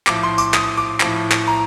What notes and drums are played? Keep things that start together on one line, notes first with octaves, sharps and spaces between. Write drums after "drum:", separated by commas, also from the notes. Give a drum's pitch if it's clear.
A2 F3 D6, drum: clap
C6
D6, drum: tambourine
D#6, drum: clap
D6
A2 F3, drum: clap
drum: clap
A#5